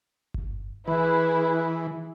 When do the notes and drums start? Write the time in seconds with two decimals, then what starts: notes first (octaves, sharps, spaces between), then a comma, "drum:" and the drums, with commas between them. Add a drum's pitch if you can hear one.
0.34 drum: kick G1
0.88 E3 E4 G#4 B4